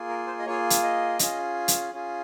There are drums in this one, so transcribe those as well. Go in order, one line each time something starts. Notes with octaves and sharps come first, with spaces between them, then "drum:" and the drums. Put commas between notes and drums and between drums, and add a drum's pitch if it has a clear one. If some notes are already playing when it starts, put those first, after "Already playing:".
Already playing: A#3 F4 G#4
A#4
C5
D#5
A#3 F4 G#4 C#5
drum: hi-hat
D#5
C#4 F4 G#4, drum: hi-hat
drum: hi-hat
C#4 F4 G#4